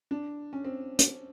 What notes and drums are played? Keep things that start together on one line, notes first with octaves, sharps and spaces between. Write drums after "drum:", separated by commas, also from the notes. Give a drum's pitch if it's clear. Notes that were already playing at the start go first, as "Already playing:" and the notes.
D4
C#4
C4
drum: hi-hat